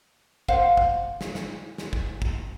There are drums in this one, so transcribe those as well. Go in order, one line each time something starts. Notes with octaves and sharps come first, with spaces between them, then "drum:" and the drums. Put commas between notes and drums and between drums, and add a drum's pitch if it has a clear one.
C5 F5 F#5, drum: kick
drum: kick
drum: snare
drum: snare
drum: snare
drum: kick
drum: kick